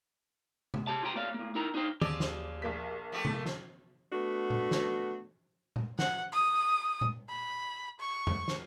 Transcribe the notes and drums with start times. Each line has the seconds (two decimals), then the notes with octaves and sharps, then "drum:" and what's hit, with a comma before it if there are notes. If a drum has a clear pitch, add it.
0.74 drum: tom C3
0.87 G4 C#5 A5
1.03 F4 G4 G5 A#5
1.16 A#3 C#5 D5 F5
1.34 A2 A#3
1.55 D#4 E4 A#4 G5 A#5
1.74 D4 D#4 F4 C5 G5
2.01 D#2 F3 G4 G#4 D5 E6, drum: tom
2.20 drum: snare
2.62 A#1 A#3 B6
3.12 F3 A3 G4
3.25 drum: tom C3
3.46 drum: snare
4.12 A3 B3 D4 F#4
4.50 drum: tom A#2
4.71 drum: snare
5.76 drum: tom A#2
5.99 F#5, drum: snare
6.33 D#6
7.01 drum: tom A#2
7.29 B5
8.00 C#6
8.27 drum: tom E2
8.48 drum: snare